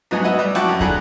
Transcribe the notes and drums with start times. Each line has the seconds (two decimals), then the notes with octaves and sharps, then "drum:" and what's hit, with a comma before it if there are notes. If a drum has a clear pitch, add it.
0.11 G#2 F#3 B3 D#5 G#5
0.24 F#4 B4 D#5 E5
0.39 G3
0.55 E4 F#4 C#5 G5 A5 D6, drum: snare
0.68 F#2
0.80 D3 F#3 G#4 A#5 B5 F#6, drum: kick